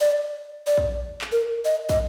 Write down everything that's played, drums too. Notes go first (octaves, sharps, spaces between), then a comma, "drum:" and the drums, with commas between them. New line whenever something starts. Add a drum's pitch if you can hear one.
D5
D5
drum: kick
drum: clap
A#4
D#5
D#5, drum: kick